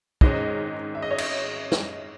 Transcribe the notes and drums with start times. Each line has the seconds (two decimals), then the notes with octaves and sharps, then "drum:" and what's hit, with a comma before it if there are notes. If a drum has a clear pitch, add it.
0.21 G#2 D#3 G#3 C#4 D#5, drum: kick
0.95 E5
1.02 D#5
1.11 C#5
1.18 D#5, drum: cymbal
1.72 drum: snare